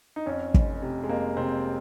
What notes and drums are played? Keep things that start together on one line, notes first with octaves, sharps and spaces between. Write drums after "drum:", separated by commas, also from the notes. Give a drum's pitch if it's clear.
D#4
F2 C#4
F1, drum: kick
C3
G#3
F2 A#3
C3 C4